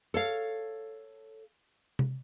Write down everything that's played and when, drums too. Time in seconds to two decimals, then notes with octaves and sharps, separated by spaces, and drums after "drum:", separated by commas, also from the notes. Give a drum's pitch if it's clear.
0.14 A4 C#5 F5
1.99 drum: tom C3